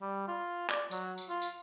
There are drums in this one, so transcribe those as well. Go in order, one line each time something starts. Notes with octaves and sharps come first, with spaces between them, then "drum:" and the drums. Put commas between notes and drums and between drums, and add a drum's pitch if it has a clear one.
G3
F4
D5, drum: clap
F#3, drum: tambourine
drum: tambourine
F4
drum: tambourine